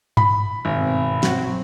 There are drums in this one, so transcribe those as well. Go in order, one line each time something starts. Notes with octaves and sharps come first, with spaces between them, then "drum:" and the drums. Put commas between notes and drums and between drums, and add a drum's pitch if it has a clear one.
B5, drum: tom G2
G#1 G2 B2 C4
F#3 C4 F#4, drum: snare